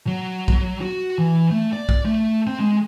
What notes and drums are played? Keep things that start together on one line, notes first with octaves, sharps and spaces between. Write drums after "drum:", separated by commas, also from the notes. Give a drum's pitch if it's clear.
F#3
drum: kick
F#4
E3
A3
D5
drum: kick
A3
C4
G#3